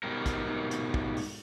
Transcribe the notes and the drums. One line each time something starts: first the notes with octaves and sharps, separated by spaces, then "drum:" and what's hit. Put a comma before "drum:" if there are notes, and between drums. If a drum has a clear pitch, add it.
G#2 B2 G3 A#4
drum: kick, hi-hat
drum: hi-hat
drum: kick
drum: open hi-hat